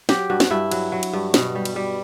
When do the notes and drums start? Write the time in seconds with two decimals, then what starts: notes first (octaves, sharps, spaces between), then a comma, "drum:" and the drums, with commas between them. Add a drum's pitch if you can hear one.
0.09 F#3 G4, drum: snare
0.30 G2 F#4
0.40 drum: snare
0.50 G2 E4
0.72 F#3, drum: cymbal
0.92 F#3
1.03 drum: cymbal
1.13 G2
1.34 B2, drum: snare
1.55 G3
1.65 drum: cymbal
1.76 G3